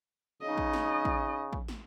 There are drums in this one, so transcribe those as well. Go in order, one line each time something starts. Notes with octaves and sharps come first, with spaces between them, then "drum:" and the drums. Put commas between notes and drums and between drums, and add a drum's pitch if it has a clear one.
C#3 D#4 D#5
drum: kick
drum: snare
drum: kick
drum: kick
drum: snare